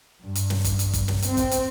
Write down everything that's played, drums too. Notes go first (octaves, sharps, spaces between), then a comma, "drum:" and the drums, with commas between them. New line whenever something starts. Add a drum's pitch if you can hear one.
G2
drum: hi-hat
drum: snare
drum: kick G1, hi-hat
drum: hi-hat
drum: kick G1, hi-hat
drum: snare
C4, drum: hi-hat
drum: kick G1, hi-hat
drum: hi-hat